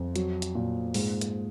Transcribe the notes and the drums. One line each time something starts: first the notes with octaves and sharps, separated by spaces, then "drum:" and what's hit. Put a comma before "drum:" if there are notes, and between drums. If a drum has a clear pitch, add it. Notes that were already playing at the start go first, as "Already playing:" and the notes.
Already playing: F2
F#3, drum: hi-hat
drum: hi-hat
A#2
G#2, drum: open hi-hat
drum: hi-hat